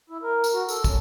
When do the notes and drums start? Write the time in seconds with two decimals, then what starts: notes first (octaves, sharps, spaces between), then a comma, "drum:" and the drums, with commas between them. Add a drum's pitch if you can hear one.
0.10 E4
0.22 A#4
0.44 drum: tambourine
0.53 F#4
0.68 A4, drum: tambourine
0.84 C#4, drum: kick, tambourine